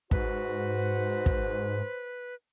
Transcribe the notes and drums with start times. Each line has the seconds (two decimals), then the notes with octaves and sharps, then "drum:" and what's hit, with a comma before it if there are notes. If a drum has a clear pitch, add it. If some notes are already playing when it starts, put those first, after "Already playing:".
0.11 G#2 F#4 B4 C5, drum: kick
1.26 drum: kick